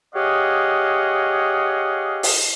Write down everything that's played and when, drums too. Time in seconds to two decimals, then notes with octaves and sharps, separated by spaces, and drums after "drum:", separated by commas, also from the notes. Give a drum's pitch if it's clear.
0.15 G4 G#4 C#5 D#5 F5 F#5
2.23 drum: open hi-hat